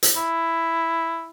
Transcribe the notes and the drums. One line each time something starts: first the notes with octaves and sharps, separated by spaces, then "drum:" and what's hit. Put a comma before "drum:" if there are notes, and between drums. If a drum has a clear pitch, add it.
drum: hi-hat
E4